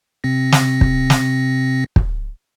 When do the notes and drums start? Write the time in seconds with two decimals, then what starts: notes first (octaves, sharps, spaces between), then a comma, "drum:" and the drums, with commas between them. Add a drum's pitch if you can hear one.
0.24 C3 C4 A#6
0.52 drum: snare
0.81 drum: kick
1.10 drum: snare
1.96 drum: kick